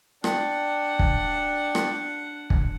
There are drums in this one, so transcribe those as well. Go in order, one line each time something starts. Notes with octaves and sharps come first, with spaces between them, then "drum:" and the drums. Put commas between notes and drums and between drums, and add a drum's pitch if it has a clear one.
D4 D5 F#5 G5 A5, drum: rim click
drum: kick
drum: rim click
drum: kick